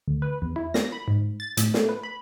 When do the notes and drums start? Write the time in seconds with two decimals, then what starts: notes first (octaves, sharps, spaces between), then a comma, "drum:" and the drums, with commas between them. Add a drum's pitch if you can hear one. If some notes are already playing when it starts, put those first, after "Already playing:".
0.08 D2
0.22 B4
0.42 E2
0.56 E4
0.74 A#6, drum: snare
0.92 B5
1.08 G#2
1.40 A6
1.57 A2, drum: hi-hat
1.74 A3, drum: snare
1.89 B4
2.03 B5